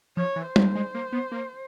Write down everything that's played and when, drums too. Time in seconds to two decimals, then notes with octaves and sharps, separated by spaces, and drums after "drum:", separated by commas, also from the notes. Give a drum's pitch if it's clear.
0.17 F3 C#5
0.36 E3
0.46 C5
0.56 F#3, drum: tom G3
0.75 G#3
0.94 A#3
1.12 B3
1.32 A#3